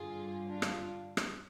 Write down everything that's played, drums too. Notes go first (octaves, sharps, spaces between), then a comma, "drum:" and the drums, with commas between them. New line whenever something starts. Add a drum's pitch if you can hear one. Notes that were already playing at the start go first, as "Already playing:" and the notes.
Already playing: G2 D3 G3 F4 G#4
D4 F4
drum: rim click
drum: rim click